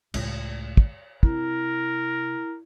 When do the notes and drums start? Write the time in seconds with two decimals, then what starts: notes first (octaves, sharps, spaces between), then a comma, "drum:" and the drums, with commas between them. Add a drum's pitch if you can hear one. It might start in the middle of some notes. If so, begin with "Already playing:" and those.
0.14 C#2 A2, drum: cymbal
0.77 drum: kick
1.23 C3 E4 A#4, drum: kick